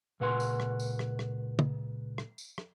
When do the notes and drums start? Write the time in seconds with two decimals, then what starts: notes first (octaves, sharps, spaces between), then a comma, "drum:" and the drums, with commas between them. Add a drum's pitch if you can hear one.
0.20 C#2 A#2 B4 F#5 G#5 C6
0.40 drum: tambourine
0.60 drum: rim click
0.80 drum: tambourine
0.99 drum: rim click
1.19 drum: rim click
1.59 drum: tom
2.18 drum: rim click
2.38 drum: tambourine
2.58 drum: rim click